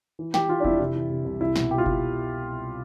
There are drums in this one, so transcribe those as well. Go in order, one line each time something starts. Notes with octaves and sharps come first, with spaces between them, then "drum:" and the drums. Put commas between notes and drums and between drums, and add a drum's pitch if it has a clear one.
E3
E3 G4, drum: snare
E3 F4
D4
F2 E4, drum: kick F#1
C3 E4
E3
C3
C2
C2 E4
B2, drum: snare
B2 G4
F4
B2 E4, drum: kick F#1